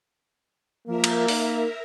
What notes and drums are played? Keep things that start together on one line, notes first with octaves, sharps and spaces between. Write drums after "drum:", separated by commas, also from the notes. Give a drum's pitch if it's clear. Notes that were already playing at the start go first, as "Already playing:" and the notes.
F3 A#3 A#4 E5 A#5
drum: cymbal
D#4, drum: open hi-hat